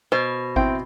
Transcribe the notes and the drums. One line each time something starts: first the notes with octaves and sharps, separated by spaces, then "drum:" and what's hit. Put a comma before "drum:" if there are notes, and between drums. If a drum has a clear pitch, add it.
B2 C5
C4 E4 G5, drum: kick G#1